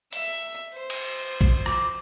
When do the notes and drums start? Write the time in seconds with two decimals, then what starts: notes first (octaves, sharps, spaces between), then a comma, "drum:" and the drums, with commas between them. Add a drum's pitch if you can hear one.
0.13 E5 E6, drum: hi-hat
0.74 C5
0.90 drum: cymbal
1.41 drum: kick A#1
1.66 D6, drum: rim click